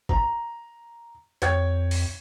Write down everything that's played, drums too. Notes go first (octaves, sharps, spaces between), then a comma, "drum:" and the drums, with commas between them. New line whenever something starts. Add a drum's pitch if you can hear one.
A#5, drum: kick
F2 C#5 G5 G#6, drum: hi-hat
drum: open hi-hat